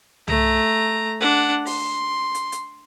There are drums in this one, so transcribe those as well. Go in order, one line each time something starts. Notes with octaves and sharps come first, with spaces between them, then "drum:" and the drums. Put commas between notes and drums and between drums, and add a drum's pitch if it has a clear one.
A3 A#5, drum: tom
D4 F#5
C6, drum: open hi-hat
drum: hi-hat
drum: hi-hat